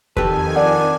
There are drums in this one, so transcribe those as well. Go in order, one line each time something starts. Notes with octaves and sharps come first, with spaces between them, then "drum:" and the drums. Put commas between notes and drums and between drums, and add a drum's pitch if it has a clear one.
F2 D#3 G4 A4 B4 G#5, drum: kick E2
D4 A#4 D5 F#5